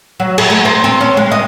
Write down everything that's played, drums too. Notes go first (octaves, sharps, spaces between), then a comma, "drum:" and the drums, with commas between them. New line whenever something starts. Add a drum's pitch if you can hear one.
F#3
G#4, drum: cymbal
A3
C5
C4
C#4
G#3
D#5